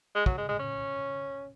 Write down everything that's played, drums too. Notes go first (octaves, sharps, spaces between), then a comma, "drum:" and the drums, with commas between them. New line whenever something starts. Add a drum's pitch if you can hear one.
G#3
F#3, drum: kick
G#3
G#3
C#4